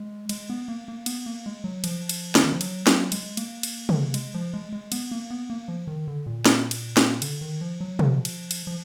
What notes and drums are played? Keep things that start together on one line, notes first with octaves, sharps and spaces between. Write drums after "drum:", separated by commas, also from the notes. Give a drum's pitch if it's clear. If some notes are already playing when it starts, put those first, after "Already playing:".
Already playing: G#3
G#3, drum: cymbal
B3
A#3
A#3
B3, drum: cymbal
A#3
G#3
F#3
F3, drum: cymbal
drum: cymbal
D3, drum: snare
D#3
F3
F#3, drum: cymbal
F#3, drum: snare
G#3, drum: cymbal
A#3, drum: cymbal
drum: cymbal
drum: tom
G#3, drum: cymbal
F3
G#3
G#3
B3, drum: cymbal
A#3
B3
A#3
F3
D#3
D3
A#2
drum: snare
drum: cymbal
drum: snare
D3, drum: cymbal
D#3
F3
F#3
F3, drum: tom
drum: cymbal
drum: cymbal
F3